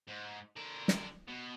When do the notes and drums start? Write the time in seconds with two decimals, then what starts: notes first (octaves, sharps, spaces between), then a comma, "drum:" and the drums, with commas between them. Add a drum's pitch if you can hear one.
0.07 G#2
0.56 D3 A#4
0.88 drum: snare
1.28 B2